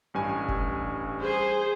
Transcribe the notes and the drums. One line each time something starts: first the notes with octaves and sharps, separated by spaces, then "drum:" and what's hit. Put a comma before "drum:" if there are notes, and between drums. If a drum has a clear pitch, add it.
A1 G2 G#5
drum: kick F1
G#4 C5